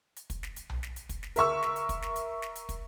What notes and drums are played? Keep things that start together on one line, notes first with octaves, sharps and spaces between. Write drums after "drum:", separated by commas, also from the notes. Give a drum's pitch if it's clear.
drum: hi-hat
drum: kick, hi-hat
drum: snare
drum: hi-hat
drum: tom B1
drum: snare
drum: hi-hat
drum: kick, hi-hat
drum: snare
A#4 E5 C#6 E6, drum: hi-hat
drum: snare
drum: hi-hat
drum: kick, hi-hat
drum: snare
drum: hi-hat
drum: snare
drum: hi-hat
drum: kick, hi-hat